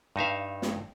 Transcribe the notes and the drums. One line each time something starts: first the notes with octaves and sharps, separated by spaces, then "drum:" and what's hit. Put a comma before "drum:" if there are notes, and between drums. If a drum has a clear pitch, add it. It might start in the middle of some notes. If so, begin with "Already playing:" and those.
G2 D#4 E5 F5
drum: snare